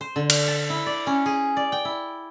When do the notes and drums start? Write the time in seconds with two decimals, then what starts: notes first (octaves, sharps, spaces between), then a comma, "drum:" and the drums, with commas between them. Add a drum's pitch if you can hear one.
0.01 C5
0.16 D3
0.30 drum: cymbal
0.48 A5
0.70 E4
0.86 D5
1.07 C#4
1.26 G#4
1.57 D5
1.72 G5
1.85 E4